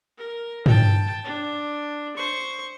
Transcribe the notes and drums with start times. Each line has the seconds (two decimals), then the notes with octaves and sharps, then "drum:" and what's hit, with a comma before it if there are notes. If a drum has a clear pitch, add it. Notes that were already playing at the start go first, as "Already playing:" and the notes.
0.18 A#4
0.66 G5 A5, drum: tom
1.24 D4
2.16 C5 C#6